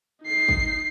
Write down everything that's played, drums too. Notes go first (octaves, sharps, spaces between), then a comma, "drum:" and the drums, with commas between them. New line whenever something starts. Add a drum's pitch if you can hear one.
D#4 C7
drum: kick